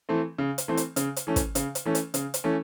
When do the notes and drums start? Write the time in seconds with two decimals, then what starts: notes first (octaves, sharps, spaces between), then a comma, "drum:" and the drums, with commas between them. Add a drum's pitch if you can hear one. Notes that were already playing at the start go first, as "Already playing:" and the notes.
0.09 E3 A3 C4
0.39 C#3
0.58 drum: hi-hat
0.68 E3 A3 C4
0.77 drum: hi-hat
0.96 C#3, drum: hi-hat
1.16 drum: hi-hat
1.27 E3 A3 C#4
1.36 drum: kick, hi-hat
1.55 C#3, drum: hi-hat
1.75 drum: hi-hat
1.85 E3 A3 C#4
1.95 drum: hi-hat
2.14 C#3, drum: hi-hat
2.34 drum: hi-hat
2.44 E3 A3 C#4